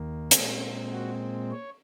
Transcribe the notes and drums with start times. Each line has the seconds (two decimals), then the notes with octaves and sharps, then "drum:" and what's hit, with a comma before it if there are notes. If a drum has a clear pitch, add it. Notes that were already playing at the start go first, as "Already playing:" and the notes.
Already playing: D#2 D#3 A#3
0.31 A#2 G#3 C4 G#4, drum: hi-hat
0.92 F#4
1.52 C#5